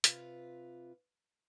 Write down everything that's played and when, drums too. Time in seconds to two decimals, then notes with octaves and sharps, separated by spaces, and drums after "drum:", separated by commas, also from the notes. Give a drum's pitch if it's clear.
0.04 C3 F4 B4, drum: hi-hat